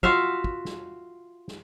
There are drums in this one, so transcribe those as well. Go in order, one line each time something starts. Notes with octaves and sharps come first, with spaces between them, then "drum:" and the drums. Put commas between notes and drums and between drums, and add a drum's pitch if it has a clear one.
F4 F#4 E5 F5, drum: kick
drum: kick
drum: snare
drum: snare